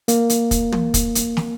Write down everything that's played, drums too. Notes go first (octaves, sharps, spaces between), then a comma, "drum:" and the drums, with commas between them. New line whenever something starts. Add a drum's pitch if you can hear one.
A#3, drum: hi-hat
drum: hi-hat
drum: kick, hi-hat
drum: tom
drum: kick, hi-hat
drum: hi-hat
drum: snare